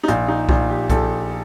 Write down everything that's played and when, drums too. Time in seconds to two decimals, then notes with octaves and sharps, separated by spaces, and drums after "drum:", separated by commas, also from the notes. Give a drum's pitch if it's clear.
0.03 D#4
0.08 A#1 F4, drum: hi-hat
0.28 D#4
0.49 A#1 F4, drum: kick B1
0.69 G4
0.90 A#1 A4, drum: kick B1, hi-hat